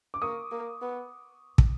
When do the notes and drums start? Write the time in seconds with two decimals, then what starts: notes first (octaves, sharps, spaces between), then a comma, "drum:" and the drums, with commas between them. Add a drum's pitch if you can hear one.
0.14 D6
0.22 A#3 C#6 D#6
0.52 A#3
0.82 B3
1.58 drum: kick